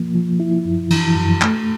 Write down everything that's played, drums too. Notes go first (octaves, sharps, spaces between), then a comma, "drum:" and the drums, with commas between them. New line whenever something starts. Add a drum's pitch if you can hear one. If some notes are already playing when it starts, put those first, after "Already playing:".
Already playing: F3 A#3
F3
E4
F#2
E3, drum: cymbal
F#2
A3, drum: clap